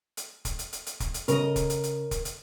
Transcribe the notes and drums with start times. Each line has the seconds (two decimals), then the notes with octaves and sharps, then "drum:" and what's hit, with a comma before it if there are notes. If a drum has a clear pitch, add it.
0.17 drum: hi-hat
0.45 drum: kick, hi-hat
0.59 drum: hi-hat
0.73 drum: hi-hat
0.86 drum: hi-hat
1.00 drum: kick, hi-hat
1.14 drum: hi-hat
1.28 C#3 A#4 D#5, drum: hi-hat
1.56 drum: kick, hi-hat
1.70 drum: hi-hat
1.83 drum: hi-hat
2.11 drum: kick, hi-hat
2.25 drum: hi-hat